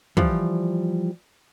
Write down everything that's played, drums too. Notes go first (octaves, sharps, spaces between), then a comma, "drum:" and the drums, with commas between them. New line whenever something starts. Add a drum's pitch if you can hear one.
E3 F3 G3, drum: kick